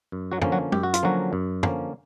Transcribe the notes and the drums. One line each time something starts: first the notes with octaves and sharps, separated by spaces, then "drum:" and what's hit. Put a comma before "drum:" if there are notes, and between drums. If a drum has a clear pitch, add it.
F#2
F#3 F#4
D3 F3 A#3 C#4, drum: tom
F#3 F#4
F#2 G4, drum: tom
F#4
F4, drum: hi-hat
D3 F3 F#3 A#3 C#4 F#4
F#2
D3 F3 A#3 C#4, drum: tom